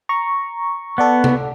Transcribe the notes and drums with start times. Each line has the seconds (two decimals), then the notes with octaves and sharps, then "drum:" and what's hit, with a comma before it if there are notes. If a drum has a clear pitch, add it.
0.09 A#5 C#6
0.98 B3 A4 D5 F#5
1.24 drum: tom C3